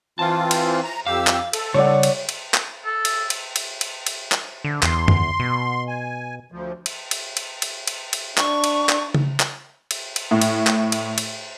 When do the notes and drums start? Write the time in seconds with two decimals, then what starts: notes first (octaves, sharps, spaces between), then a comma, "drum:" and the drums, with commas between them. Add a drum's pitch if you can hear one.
0.19 E3 C4 F4 C5 A5
0.51 drum: cymbal
0.84 A#5
1.06 F2 G4 F5 E6
1.27 drum: clap
1.53 A4, drum: cymbal
1.74 C#3 G3 C#5 D5 F#5
2.03 drum: cymbal
2.29 drum: cymbal
2.54 drum: clap
2.85 A4
3.05 drum: cymbal
3.30 drum: cymbal
3.56 drum: cymbal
3.81 drum: cymbal
4.07 drum: cymbal
4.32 drum: clap
4.65 D3
4.83 E2 C6, drum: clap
5.08 drum: tom F#2
5.39 B2
5.88 G#5
6.52 D2 F3
6.86 drum: cymbal
7.11 drum: cymbal
7.37 drum: cymbal
7.62 drum: cymbal
7.87 drum: cymbal
8.13 drum: cymbal
8.38 D4 C#6, drum: clap
8.64 drum: cymbal
8.89 drum: clap
9.14 drum: tom C#3
9.40 drum: clap
9.91 drum: cymbal
10.16 drum: cymbal
10.31 A2
10.41 drum: cymbal
10.67 drum: clap
10.92 drum: cymbal
11.18 drum: cymbal